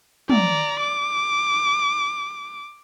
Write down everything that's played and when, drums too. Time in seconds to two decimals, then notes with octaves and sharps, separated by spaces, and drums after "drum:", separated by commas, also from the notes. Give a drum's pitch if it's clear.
0.30 D5 A#5, drum: tom
0.80 D6